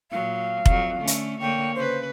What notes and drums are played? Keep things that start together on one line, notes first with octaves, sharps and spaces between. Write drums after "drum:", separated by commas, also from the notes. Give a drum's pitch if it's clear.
A#2 F#3 F5
F2 F#3, drum: kick F1
D3 A3 C#4
drum: hi-hat
D3 A#3 C#5 G5
C#3 B4 C5